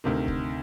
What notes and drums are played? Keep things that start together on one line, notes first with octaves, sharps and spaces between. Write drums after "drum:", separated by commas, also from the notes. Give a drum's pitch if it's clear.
D2 C3 D#3
drum: kick